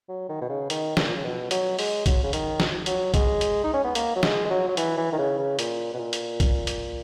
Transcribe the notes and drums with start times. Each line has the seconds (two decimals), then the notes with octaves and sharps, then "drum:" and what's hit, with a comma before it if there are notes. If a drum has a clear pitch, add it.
0.09 F#3
0.29 D#3
0.41 B2
0.49 C#3
0.70 D#3, drum: hi-hat
0.97 A#2, drum: snare
1.16 C#3
1.24 B2
1.51 F#3, drum: hi-hat
1.79 G#3, drum: open hi-hat
2.06 F#3, drum: kick B1, hi-hat
2.23 C#3
2.33 D#3, drum: hi-hat
2.60 drum: snare
2.86 F#3, drum: hi-hat
3.14 G#3, drum: kick B1, hi-hat
3.41 drum: hi-hat
3.64 D#4
3.74 C#4
3.85 B3
3.95 A#3, drum: hi-hat
4.16 F#3
4.23 G#3, drum: snare
4.45 G#3
4.50 F#3
4.68 F#3
4.77 E3, drum: hi-hat
4.97 E3
5.12 D#3
5.18 C#3
5.38 C#3
5.59 A#2, drum: hi-hat
5.94 B2
5.99 A#2
6.13 drum: hi-hat
6.40 drum: kick B1, hi-hat
6.67 drum: hi-hat